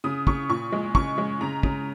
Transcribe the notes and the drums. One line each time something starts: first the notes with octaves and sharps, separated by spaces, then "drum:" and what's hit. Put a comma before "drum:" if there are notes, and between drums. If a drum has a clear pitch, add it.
C#3 D#6
C#3 C#6, drum: kick
A#2 C#6
G#3
C#3 C#6, drum: kick
G#3
C#3 A#5
C#3, drum: kick